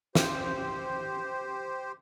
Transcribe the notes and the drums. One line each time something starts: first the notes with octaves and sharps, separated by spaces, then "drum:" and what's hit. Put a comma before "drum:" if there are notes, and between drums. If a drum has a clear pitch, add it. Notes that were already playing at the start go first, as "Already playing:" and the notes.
G4 C5, drum: snare